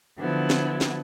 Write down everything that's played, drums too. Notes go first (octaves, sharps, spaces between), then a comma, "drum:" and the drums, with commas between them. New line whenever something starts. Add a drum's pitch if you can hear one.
D3 F3 F#3 B3 E4
drum: snare
drum: snare